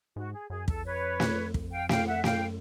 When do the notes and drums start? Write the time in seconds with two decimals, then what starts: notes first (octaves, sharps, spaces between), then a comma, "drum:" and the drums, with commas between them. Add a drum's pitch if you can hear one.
0.16 G#2 F#4
0.33 G#4
0.50 F#2 G#4
0.68 E2 A4, drum: kick
0.85 F2 B4 C#5
1.20 drum: snare
1.54 drum: kick
1.71 F5 G5
1.89 F5 G5, drum: snare
2.06 E5 F#5
2.24 F#2 F5 G5, drum: snare